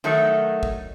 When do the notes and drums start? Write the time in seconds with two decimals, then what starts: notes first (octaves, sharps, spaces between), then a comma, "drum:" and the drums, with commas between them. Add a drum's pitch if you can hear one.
0.04 D#3 F#3 A3 D#4
0.63 drum: kick